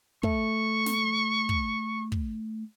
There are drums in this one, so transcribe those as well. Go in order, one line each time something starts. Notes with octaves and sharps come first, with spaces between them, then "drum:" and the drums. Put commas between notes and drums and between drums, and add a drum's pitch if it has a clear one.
A3 C#6, drum: kick
drum: snare
drum: kick
drum: kick